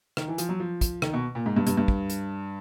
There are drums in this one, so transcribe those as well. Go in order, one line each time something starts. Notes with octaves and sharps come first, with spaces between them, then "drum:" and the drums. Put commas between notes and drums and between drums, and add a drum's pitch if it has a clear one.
D#3, drum: rim click
E3
F3, drum: hi-hat
F#3
F3
drum: kick, hi-hat
D#3, drum: rim click
B2
A#2
G#2
G2
G2, drum: hi-hat
G2
drum: kick
drum: hi-hat